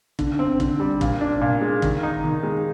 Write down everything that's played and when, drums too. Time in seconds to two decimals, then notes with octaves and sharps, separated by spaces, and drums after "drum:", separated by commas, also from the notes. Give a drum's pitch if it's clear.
0.19 D3, drum: kick
0.39 C4
0.60 D3, drum: kick
0.80 G3
1.01 A#2, drum: kick
1.21 D4
1.41 A#2
1.61 G#3
1.82 D#3, drum: kick
2.03 D#4
2.24 D#3
2.43 G#3